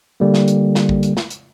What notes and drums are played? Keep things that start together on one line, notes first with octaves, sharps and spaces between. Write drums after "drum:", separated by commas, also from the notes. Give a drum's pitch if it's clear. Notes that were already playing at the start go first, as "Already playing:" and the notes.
D3 G3 A#3
drum: snare
drum: hi-hat
drum: snare
drum: kick A#1
drum: hi-hat
drum: snare
drum: hi-hat